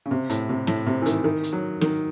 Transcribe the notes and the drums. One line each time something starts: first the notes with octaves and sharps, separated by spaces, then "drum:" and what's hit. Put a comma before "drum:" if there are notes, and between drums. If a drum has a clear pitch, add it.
C#3
C3
A2, drum: hi-hat
C3
A2, drum: snare
C3
E3
D#3, drum: hi-hat
D#3
drum: hi-hat
F#3
D#3, drum: snare